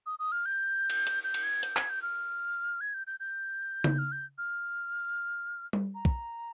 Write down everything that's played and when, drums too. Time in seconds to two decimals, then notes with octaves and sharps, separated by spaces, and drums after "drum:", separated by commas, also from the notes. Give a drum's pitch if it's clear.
0.06 D#6
0.19 D#6
0.32 F6
0.46 G6
0.90 drum: cymbal
1.07 drum: hi-hat
1.24 G6
1.34 drum: cymbal
1.44 G#6
1.63 G6, drum: hi-hat
1.76 G#6, drum: clap
1.89 G6
2.02 F6
2.81 G#6
2.94 G6
3.07 G6
3.20 G6
3.84 drum: tom C#3
3.99 F6
4.12 G6
4.38 F6
5.73 drum: tom G3
5.95 A#5
6.05 drum: kick